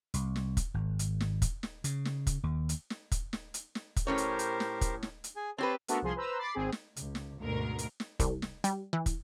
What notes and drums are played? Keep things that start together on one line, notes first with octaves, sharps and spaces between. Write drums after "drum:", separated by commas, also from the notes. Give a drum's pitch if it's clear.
C2, drum: hi-hat
drum: snare
drum: kick, hi-hat
G#1
drum: hi-hat
drum: snare
drum: kick, hi-hat
drum: snare
C#3, drum: hi-hat
drum: snare
drum: kick, hi-hat
D#2
drum: hi-hat
drum: snare
drum: kick, hi-hat
drum: snare
drum: hi-hat
drum: snare
drum: kick, hi-hat
A2 C#4 G4 A#4 C5 C#5
drum: hi-hat
drum: hi-hat
drum: snare
drum: kick, hi-hat
drum: snare
drum: hi-hat
G#4 G#5
C4 G4 B4 C#5 A5 C6
A3 B3 D4 F#4 A4 A#4, drum: hi-hat
C2 F3 G#4 C6
B4 C5 A#5 E6
B5 D6 A6 C7
G#1 C4 G#4
drum: snare
C#2, drum: hi-hat
drum: snare
D2 G#2 B2 A#4
drum: hi-hat
drum: snare
C2, drum: kick, hi-hat
drum: snare
G3, drum: hi-hat
E3
drum: kick, hi-hat